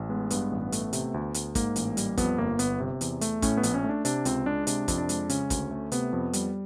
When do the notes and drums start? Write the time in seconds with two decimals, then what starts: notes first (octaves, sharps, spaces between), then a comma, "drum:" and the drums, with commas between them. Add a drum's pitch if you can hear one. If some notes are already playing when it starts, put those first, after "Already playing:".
Already playing: A1
0.09 G#3 B3
0.30 G2 B3, drum: hi-hat
0.51 A1
0.61 B3
0.72 A3, drum: hi-hat
0.93 C3, drum: hi-hat
1.14 D2
1.34 D2, drum: hi-hat
1.55 G#2 A#3, drum: kick, hi-hat
1.76 A1, drum: hi-hat
1.97 G3, drum: hi-hat
2.18 F2 B3, drum: kick, hi-hat
2.38 G1 A#3
2.59 G1 B3, drum: hi-hat
2.80 C3
3.01 E2, drum: hi-hat
3.21 A3, drum: hi-hat
3.42 A2 C#4, drum: kick, hi-hat
3.57 B3
3.63 A#1, drum: hi-hat
3.74 C#4
3.84 A3
3.89 D4
4.05 C3 D4, drum: hi-hat
4.25 C#2 C4, drum: hi-hat
4.46 G#3 D4
4.67 C3 D4, drum: hi-hat
4.88 F2, drum: kick, hi-hat
4.98 D4
5.09 G#3, drum: hi-hat
5.29 C#3 C#4, drum: hi-hat
5.50 D2, drum: kick, hi-hat
5.71 A3
5.92 C3 B3, drum: hi-hat
6.13 F2
6.33 G3, drum: hi-hat